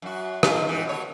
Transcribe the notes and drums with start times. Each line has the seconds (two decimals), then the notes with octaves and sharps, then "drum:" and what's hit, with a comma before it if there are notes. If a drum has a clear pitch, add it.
0.02 F#2 F#4
0.43 G2 D#3 G#4, drum: rim click
0.65 G#2 E3 G4
0.85 B2 C#5